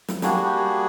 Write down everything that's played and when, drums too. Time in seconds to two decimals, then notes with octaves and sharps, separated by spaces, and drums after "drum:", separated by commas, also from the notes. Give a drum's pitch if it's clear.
0.08 drum: snare
0.22 G3 A#3 D4 F#4 G#4, drum: snare
0.34 G#4
0.45 G4
0.56 G#4